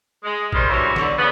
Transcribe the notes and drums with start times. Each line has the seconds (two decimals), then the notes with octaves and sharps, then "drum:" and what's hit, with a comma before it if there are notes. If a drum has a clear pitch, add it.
0.24 G#3
0.52 D#3 G3 G#3 F4 C5, drum: kick
0.69 G2 E3 F#4 C#5
0.96 D3, drum: snare
1.18 C#3 B3